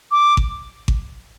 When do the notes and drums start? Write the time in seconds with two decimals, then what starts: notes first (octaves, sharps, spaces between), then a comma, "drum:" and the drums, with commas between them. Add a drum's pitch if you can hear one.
0.12 D6
0.37 drum: kick G#1
0.88 drum: kick G#1